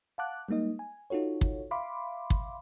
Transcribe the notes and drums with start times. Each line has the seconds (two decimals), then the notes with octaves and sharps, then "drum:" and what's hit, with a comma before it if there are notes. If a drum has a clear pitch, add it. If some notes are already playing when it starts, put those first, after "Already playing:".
0.18 F5 F#5 A5 D6 F#6
0.48 G3 G#3 A#3 D#4 D#5
0.79 G#5
1.10 D#4 F4 F#4 A4 C#5
1.41 drum: kick
1.71 E5 F5 B5 C6 D6
2.30 drum: kick